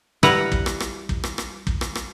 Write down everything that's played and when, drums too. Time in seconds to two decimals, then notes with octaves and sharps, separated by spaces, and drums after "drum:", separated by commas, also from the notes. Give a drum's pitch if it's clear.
0.23 G3 E4 B4 F#5 A#5, drum: rim click
0.52 drum: kick
0.66 drum: rim click
0.80 drum: rim click
1.09 drum: kick
1.24 drum: rim click
1.38 drum: rim click
1.67 drum: kick
1.81 drum: rim click
1.95 drum: rim click